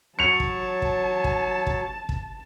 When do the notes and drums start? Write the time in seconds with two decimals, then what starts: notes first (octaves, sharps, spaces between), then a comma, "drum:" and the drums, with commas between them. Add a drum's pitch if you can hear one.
0.19 F#3 C#5 A5 C#7 F7
0.40 drum: kick
0.82 drum: kick
1.24 drum: kick
1.67 drum: kick
2.09 drum: kick